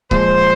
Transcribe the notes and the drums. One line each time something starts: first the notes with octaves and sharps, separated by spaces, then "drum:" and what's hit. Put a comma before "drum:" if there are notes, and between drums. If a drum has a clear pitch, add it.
A#2 F3 G#3 C5, drum: kick C#1